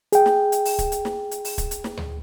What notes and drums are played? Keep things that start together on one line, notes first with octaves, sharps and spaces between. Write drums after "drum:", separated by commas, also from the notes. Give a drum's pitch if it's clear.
G#4 G5, drum: hi-hat
drum: snare
drum: hi-hat
drum: open hi-hat
drum: kick, hi-hat
drum: hi-hat
drum: snare
drum: hi-hat
drum: open hi-hat
drum: kick, hi-hat
drum: hi-hat
drum: snare
drum: tom D2